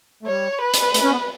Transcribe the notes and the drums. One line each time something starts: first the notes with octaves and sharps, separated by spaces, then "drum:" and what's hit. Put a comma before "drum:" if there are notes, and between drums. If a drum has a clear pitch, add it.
A3
G3 C#5
B4
drum: hi-hat
A3, drum: hi-hat
C#4
B3